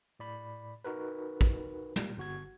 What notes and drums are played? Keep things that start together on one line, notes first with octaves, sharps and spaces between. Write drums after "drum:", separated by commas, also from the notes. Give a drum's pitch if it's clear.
A2 D5 B5
D#4 F#4 A#4 B4
drum: kick A1
A#2 G3 A#3, drum: tom
G1 F#4 G#6